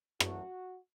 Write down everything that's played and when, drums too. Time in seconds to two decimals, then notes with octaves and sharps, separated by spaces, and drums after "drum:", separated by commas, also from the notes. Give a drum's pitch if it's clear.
0.20 F#2 F#3 A3 F#4, drum: rim click